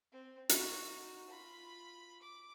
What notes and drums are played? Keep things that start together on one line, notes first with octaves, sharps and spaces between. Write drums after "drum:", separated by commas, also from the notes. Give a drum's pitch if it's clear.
C4
D#4 F#4, drum: hi-hat
F4 B5
D6